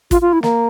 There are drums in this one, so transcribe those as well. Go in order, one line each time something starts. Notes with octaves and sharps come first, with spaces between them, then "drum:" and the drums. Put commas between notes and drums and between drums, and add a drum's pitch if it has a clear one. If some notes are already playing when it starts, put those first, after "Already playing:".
F4, drum: kick, hi-hat
F4
E4
A#3, drum: snare